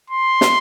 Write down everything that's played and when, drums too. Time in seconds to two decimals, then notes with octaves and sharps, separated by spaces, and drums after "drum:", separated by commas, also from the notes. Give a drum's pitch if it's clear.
0.10 C6
0.41 drum: snare